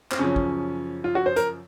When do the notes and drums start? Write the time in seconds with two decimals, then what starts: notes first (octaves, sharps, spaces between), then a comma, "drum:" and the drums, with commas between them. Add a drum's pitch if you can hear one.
0.11 C4, drum: clap
0.19 F#2 C#3 F3 C#4
0.36 drum: kick
1.04 F4
1.15 F#4
1.26 C5
1.36 A#4, drum: hi-hat